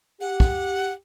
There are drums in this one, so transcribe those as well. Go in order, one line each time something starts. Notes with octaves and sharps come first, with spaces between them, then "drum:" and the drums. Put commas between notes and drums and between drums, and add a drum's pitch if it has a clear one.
G4 F#5
drum: kick